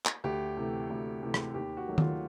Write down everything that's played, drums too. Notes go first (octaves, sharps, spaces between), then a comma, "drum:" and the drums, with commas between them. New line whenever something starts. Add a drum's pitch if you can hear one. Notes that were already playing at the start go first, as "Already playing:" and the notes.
drum: clap
D2 G4
C3 E3 A3
D2
C3 E3 A3
drum: rim click
D#2 G4
F#4
D#3 F#3 A3
F4, drum: tom D#3